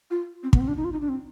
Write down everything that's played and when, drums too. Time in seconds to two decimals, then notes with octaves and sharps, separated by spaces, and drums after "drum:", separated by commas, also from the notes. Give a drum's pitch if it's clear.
0.10 F4
0.43 C4
0.53 B3, drum: kick
0.60 C4
0.68 D4
0.77 D#4
0.85 F4
0.92 D#4
1.01 D4
1.09 C4